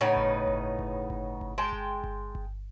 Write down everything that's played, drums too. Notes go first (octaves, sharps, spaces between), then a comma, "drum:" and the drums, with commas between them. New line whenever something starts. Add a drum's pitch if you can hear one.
A2 C#3 B3 D#4
drum: kick G1
drum: kick G1
drum: kick G1
drum: kick G1
drum: kick G1
G#3 G5 A5
drum: kick G1
drum: kick G1
drum: kick G1